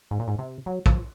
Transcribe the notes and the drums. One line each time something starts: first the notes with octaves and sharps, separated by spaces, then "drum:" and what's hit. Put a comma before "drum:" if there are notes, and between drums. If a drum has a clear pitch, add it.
G#2
A#2
G#2
C3
F#3
F3, drum: kick